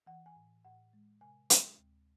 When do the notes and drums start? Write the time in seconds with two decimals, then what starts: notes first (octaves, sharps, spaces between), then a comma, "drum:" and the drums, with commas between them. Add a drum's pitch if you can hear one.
0.07 E3 F#5
0.26 G#5
0.36 A2
0.65 A2 F#5
0.93 G#3
1.21 C3 G#5
1.50 G#3 G5, drum: hi-hat
1.78 D2